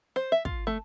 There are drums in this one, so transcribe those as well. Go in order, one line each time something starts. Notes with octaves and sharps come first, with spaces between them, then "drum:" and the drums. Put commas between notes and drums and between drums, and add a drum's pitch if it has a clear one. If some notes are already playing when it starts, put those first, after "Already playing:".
C5
E5
F4, drum: kick
A3